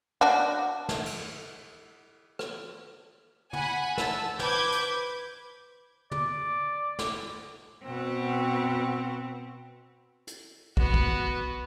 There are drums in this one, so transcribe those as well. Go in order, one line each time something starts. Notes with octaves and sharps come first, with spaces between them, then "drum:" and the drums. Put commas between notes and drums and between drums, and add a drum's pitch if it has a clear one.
D4 F#4
drum: snare
drum: cymbal
drum: rim click
F#5 G#5 B5, drum: tom
A5 E6, drum: snare
B4 C5 D6 G6 G#6, drum: snare
drum: hi-hat
D5, drum: tom
drum: snare
B2 C4
drum: hi-hat
B3 F#4, drum: kick
drum: kick